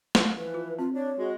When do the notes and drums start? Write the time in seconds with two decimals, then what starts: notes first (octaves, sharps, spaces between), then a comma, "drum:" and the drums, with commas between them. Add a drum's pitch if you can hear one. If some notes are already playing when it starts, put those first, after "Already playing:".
0.15 drum: snare
0.37 E3 F3 B4
0.54 F4
0.79 C4 F4
0.94 D4 C#5
1.19 G#3 F#4